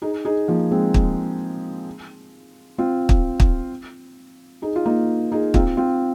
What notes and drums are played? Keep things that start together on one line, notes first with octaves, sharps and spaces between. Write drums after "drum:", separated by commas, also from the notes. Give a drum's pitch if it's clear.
D#4 G#4
D#4 G#4
F3 A#3
G#3 C4
drum: kick
C4 F4
drum: kick
drum: kick
D#4 G#4
F4
A#3 D#4
D#4 G#4
C4 F4, drum: kick
C4 F4